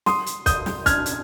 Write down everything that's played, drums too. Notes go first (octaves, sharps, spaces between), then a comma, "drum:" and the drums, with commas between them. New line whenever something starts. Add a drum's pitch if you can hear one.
C6 D#6, drum: snare
drum: hi-hat
D#6 G6, drum: kick, hi-hat
drum: snare
F6 G#6, drum: kick, hi-hat
drum: hi-hat